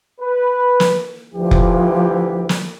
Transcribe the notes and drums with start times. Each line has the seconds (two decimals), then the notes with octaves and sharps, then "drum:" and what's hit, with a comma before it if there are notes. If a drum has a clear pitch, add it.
0.20 B4
0.80 drum: snare
1.33 D2 E3 F3 G4
1.51 drum: kick F1
2.49 drum: snare